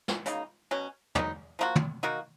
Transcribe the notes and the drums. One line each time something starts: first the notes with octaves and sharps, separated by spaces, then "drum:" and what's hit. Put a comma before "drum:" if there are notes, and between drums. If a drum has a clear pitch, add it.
drum: snare
C#3 F#3 A#3 D#4, drum: hi-hat
B2 F#3 C#4
F#3 B3 D#4, drum: tom
F3 A#3 D#4 F#4
drum: tom
D#3 A#3 D#4 F#4